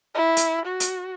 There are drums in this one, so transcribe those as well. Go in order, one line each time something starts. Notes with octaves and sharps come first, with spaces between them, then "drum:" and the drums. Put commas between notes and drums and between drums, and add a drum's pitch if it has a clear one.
E4
drum: hi-hat
F#4
drum: hi-hat